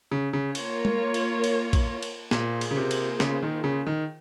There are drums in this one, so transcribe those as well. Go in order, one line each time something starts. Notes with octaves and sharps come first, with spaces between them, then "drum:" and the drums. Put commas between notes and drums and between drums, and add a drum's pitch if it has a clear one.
C#3
C#3
A#3 F4 A#4 C#5, drum: cymbal
drum: tom G#3
drum: cymbal
drum: cymbal
drum: kick, cymbal
drum: cymbal
A#2 A#3 F4 G#4 C5, drum: snare
drum: cymbal
C#3
C3
drum: cymbal
C#3, drum: snare
D#3
C#3
D#3